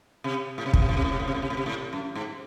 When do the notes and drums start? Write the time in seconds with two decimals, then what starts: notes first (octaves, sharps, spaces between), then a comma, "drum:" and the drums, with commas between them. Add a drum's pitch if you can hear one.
0.24 C3
0.58 A2
0.66 C3
0.73 A2, drum: kick
0.82 C3
0.89 A2
0.97 C3
1.04 A2
1.12 C3
1.20 A2
1.28 C3
1.34 A2
1.42 C3
1.50 A2
1.57 C3
1.66 A2
1.93 F#2
2.15 G#2